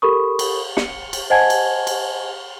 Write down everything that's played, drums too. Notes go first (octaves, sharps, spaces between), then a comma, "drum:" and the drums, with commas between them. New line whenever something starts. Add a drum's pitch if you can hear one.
G4 A4 A#4 B5 C#6 D#6
drum: cymbal
C#7, drum: snare
drum: cymbal
C5 D#5 F#5 G#5 A5 G#6
drum: cymbal
drum: cymbal